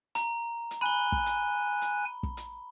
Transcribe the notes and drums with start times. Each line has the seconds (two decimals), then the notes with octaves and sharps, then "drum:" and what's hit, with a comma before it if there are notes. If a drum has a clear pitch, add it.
0.15 A#5, drum: hi-hat
0.71 drum: hi-hat
0.81 G#5 B5 F#6 G7
1.12 drum: kick
1.26 drum: hi-hat
1.82 drum: hi-hat
2.23 drum: kick
2.37 drum: hi-hat